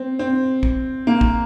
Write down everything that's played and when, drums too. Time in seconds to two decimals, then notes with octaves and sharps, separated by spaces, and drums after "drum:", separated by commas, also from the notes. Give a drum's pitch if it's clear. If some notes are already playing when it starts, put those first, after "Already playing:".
Already playing: C4
0.19 C4
0.63 drum: kick
1.07 A#3
1.21 drum: kick